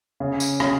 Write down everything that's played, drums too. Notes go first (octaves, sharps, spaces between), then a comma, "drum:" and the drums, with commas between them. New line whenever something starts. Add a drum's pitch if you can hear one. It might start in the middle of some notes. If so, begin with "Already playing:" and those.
C#3
drum: tambourine
C#3, drum: rim click